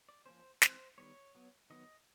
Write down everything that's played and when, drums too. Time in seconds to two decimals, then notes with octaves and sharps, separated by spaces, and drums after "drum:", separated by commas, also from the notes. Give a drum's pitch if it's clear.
0.09 D5
0.26 F3 A#3 C#4 C5
0.62 E3 G#3 C4 C5, drum: snare
0.98 D#3 G3 B3 C#5
1.35 F#3 B3
1.70 D#3 F#3 B3 D#5